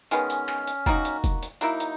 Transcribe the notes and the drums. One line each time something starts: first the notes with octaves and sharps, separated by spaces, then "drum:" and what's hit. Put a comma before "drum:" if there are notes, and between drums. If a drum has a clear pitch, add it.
D#3 G#3 B3 C#4, drum: hi-hat
drum: hi-hat
drum: clap
drum: hi-hat
D#3 A#3 D#4 F#4, drum: kick, hi-hat
drum: hi-hat
drum: kick, hi-hat
drum: hi-hat
F#3 A#3 D#4 E4, drum: hi-hat
drum: hi-hat